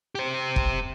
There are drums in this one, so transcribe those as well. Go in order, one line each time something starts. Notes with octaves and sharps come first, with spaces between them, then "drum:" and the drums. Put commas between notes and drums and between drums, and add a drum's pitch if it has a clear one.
G4 C5
drum: kick